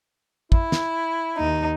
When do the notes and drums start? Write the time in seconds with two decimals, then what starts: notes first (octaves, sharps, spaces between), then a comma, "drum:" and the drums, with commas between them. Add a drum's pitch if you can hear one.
0.52 E4, drum: kick
0.72 drum: snare
1.38 D#2 D#4